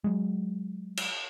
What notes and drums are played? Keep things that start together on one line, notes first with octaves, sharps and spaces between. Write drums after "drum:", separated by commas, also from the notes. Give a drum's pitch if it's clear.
F#3 G#3
drum: cymbal